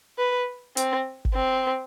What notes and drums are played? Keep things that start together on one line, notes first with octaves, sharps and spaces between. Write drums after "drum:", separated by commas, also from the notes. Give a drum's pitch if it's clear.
B4
C4, drum: hi-hat
drum: kick G1
C4